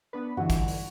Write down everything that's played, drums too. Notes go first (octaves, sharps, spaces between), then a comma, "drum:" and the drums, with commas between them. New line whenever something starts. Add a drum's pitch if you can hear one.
B3 D4 B4
G2 D3 E3 F#4
drum: kick, hi-hat
drum: open hi-hat